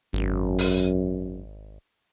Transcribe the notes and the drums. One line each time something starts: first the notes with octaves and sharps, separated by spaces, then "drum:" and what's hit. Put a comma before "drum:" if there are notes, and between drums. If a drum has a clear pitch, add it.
G#1 F#2
drum: open hi-hat